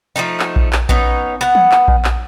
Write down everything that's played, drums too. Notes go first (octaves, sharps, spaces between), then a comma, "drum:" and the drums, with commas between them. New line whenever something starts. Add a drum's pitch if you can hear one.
F3 G#3 A3 D#4
drum: clap
drum: kick A#1
drum: clap
B3 C#4 D#4, drum: kick A#1
B3 F#5
drum: tom E3
drum: clap
drum: kick A#1
drum: clap